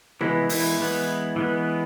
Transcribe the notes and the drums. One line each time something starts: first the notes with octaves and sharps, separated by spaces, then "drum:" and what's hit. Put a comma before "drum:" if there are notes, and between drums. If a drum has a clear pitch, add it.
E3 G#3 B3 E4, drum: tom C3
E4, drum: open hi-hat
E3 G#3 B3
E3 G#3 B3